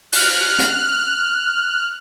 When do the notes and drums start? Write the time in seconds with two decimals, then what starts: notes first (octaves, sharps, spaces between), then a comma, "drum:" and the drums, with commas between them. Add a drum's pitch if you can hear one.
0.12 F6 F#6, drum: open hi-hat
0.59 drum: hi-hat